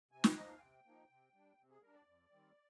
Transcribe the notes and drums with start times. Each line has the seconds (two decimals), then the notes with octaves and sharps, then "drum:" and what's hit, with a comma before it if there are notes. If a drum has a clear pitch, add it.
0.11 C3 G#5
0.24 G5, drum: snare
0.35 F3 A#3 D#4 D#5
0.48 F5
0.56 G#5
0.60 C3 G5
0.85 F3 A#3 D#4
1.09 C3
1.33 G3 D4
1.58 C3
1.71 G#4
1.82 G3 D4 A#4
1.94 D5
2.06 F2
2.31 D#3 G3 C4